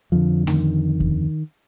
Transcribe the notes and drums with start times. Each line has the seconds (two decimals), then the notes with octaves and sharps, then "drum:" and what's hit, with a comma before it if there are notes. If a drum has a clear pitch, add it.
0.12 F2 D3 F3
0.47 D#3, drum: snare A3
1.00 drum: kick D#2